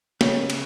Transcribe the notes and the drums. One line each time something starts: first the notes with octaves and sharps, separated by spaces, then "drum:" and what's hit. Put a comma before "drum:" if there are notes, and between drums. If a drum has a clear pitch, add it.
C#3, drum: snare
drum: cymbal